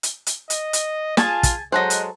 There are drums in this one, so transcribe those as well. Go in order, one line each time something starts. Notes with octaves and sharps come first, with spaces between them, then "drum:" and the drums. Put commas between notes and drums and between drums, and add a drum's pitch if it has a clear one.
drum: hi-hat
drum: hi-hat
D#5, drum: hi-hat
drum: hi-hat
F4 G#4 G#5 A5, drum: snare
drum: kick, hi-hat
F#3 G#3 A4 C5 D#5 F#6
drum: hi-hat